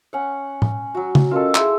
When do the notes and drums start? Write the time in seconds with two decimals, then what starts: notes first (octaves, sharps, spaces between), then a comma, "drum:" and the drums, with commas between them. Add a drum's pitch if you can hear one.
0.13 C#4 F#5
0.62 drum: tom A2
0.95 F#3 F#4
1.15 drum: tom
1.31 C#4 F4 A4 A#4 D#5
1.55 E4 G#4 E5 C6, drum: clap